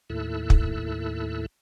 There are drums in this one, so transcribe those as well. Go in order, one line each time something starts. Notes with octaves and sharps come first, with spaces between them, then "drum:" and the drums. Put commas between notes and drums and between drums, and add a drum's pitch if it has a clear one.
D#2 A2 E4 A4 E6 F#6
drum: kick